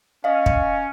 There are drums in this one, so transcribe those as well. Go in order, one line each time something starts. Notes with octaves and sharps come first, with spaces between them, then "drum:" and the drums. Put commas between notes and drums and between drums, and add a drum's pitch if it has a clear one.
C#4 D#5 F5
drum: kick